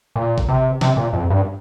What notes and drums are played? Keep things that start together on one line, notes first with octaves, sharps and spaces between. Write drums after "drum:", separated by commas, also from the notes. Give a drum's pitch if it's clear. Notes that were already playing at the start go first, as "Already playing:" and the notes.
A#2
drum: kick
C3
C3, drum: snare
A#2
F2
G2